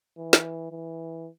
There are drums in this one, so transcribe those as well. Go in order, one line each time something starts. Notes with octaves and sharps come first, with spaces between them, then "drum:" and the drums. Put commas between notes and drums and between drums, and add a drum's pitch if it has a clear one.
E3
drum: snare
E3